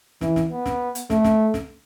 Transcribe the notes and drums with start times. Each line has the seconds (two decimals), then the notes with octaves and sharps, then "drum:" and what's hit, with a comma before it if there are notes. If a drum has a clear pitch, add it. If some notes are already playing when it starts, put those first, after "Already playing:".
0.21 E3, drum: snare
0.36 drum: snare
0.51 B3
0.66 drum: snare
0.95 drum: hi-hat
1.10 A3, drum: snare
1.24 drum: snare
1.54 drum: snare